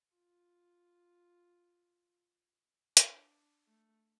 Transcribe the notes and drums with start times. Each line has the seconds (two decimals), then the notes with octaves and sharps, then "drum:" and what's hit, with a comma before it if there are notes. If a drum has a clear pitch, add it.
0.14 F4
2.97 D4, drum: hi-hat
3.67 A3